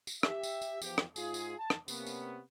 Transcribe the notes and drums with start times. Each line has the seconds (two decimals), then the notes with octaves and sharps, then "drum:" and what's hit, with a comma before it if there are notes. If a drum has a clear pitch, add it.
0.07 drum: tambourine
0.23 G4 E5, drum: rim click
0.43 drum: tambourine
0.62 drum: tambourine
0.82 E2 F3 G4, drum: tambourine
0.98 drum: rim click
1.16 G#2 F4 G#4, drum: tambourine
1.34 drum: tambourine
1.59 A5
1.70 drum: rim click
1.88 C3 A#3 B3 C#4, drum: tambourine
2.07 drum: tambourine